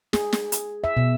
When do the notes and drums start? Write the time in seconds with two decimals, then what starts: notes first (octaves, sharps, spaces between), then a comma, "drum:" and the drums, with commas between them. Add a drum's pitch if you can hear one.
0.13 G#4, drum: snare
0.33 drum: snare
0.52 drum: hi-hat
0.84 E5
0.97 B2